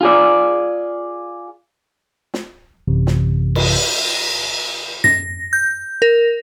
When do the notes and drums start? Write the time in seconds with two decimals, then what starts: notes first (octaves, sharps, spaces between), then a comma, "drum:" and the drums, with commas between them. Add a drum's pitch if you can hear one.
0.01 F4 G#4 D5
2.34 drum: snare
2.88 A1 F#2 C3 E3
3.07 drum: snare
3.55 drum: cymbal
5.04 A#6, drum: tom F#2
5.53 G6
6.02 A#4